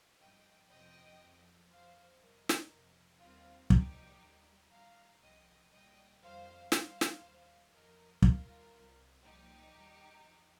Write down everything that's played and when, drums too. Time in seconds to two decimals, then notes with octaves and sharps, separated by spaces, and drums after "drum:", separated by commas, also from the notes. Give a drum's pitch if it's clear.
0.19 G2 F3 D#5 G5
0.69 F2 C3 F3 D#5 G5
1.20 F2 F3
1.70 F2 F3 C5 F5
2.20 F2 C3 G3 A#4 D#5
2.49 drum: snare
2.70 F2 C3 F3
3.20 D#2 D#3 G3 C4 F4
3.70 C2 A#2 F3 D#4 G4, drum: kick
4.21 D#2 D#3 G3
4.71 G2 D#3 G3 F5 A#5
5.21 C2 C3 F3 D#5 G5
5.72 C2 A#2 G3 D#5 G5
6.22 F2 D#3 G3 C5 F5
6.72 G2 G3 C5 F5, drum: snare
7.01 drum: snare
7.23 D#2 D#3 G3
7.72 F2 F3 A#4 D#5
8.22 D#2 D#3 G3 F4 A#4, drum: kick
8.73 C2 C3 G3
9.23 C2 A#2 F3 D#4 G4
9.73 D#2 D#3 G3
10.23 F2 F3